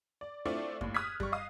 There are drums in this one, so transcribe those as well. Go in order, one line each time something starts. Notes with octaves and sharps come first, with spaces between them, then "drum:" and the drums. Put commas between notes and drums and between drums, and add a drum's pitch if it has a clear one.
D5
A3 C4 D4 E4 F4 D5
D#2 A2, drum: kick F#2
D#6 F6 F#6 G#6 B6
G3 C#6, drum: kick F#2
D#5 F5 D#6